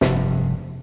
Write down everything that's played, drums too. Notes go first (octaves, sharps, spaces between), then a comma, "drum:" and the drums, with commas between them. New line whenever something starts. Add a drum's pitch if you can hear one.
F1 G2, drum: snare